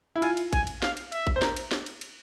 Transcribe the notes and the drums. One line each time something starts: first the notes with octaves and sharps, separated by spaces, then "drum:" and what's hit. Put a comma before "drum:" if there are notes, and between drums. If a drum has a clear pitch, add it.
E4
F4 G#5, drum: cymbal
drum: cymbal
G#5, drum: kick A1, cymbal
drum: cymbal
F5, drum: snare
drum: cymbal
E5, drum: cymbal
drum: kick A1
C5
A#4, drum: snare
drum: cymbal
drum: snare
drum: cymbal
drum: cymbal